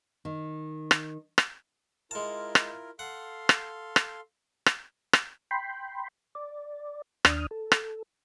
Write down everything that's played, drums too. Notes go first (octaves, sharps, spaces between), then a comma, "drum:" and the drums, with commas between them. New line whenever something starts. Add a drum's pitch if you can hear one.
D#3
drum: rim click
drum: rim click
G#3 E4 F4 A#4 A5
drum: rim click
A4 F5 F#5 C6
drum: rim click
drum: rim click
drum: rim click
drum: rim click
G5 B5 C6
D5
D#2 D4 D#6 F6, drum: rim click
A4
drum: rim click